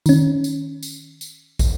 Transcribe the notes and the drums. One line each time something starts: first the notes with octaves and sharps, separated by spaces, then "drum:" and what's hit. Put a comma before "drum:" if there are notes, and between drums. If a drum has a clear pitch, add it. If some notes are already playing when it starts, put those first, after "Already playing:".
D#3 C#4, drum: tambourine
drum: tambourine
drum: tambourine
drum: tambourine
drum: kick, tambourine